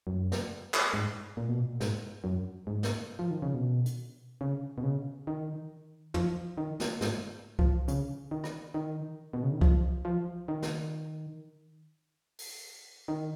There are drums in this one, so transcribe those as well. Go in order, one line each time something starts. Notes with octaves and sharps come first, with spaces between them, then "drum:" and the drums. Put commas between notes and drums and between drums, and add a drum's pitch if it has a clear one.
F#2
drum: snare
drum: clap
G#2
A#2
B2
A#2
G#2, drum: snare
F#2
G#2
drum: snare
F3
D#3
C#3
B2
drum: hi-hat
C#3
B2
C#3
D#3
F3, drum: tom
D#3
drum: snare
G#2, drum: snare
F3, drum: kick C2
C#3, drum: hi-hat
D#3
drum: rim click
D#3
B2
C#3
D#3
F3, drum: kick C2
F3
D#3
drum: snare
drum: open hi-hat
D#3